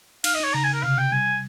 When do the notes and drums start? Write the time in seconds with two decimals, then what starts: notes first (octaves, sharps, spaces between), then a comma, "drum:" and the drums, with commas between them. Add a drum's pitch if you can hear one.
0.24 D#4 F5, drum: cymbal
0.35 D#5
0.40 D#4 C#5
0.54 C#3 A#5
0.64 G#5
0.68 C#3
0.74 A#4
0.83 C3 F5
0.97 C3 G5
1.12 G3 G#5